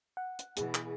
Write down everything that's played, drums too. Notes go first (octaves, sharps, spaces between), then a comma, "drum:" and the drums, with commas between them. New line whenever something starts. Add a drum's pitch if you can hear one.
F#5
drum: hi-hat
B2 E3 G#4, drum: hi-hat
drum: clap